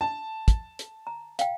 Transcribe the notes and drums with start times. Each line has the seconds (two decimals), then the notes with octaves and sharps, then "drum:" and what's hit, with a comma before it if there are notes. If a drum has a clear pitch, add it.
0.01 A5
0.48 drum: kick, hi-hat
0.79 drum: hi-hat
1.07 A#5
1.39 F5 G5, drum: hi-hat